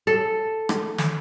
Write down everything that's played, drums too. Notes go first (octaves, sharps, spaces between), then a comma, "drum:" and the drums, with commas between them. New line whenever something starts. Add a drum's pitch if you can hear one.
A4
drum: rim click
drum: snare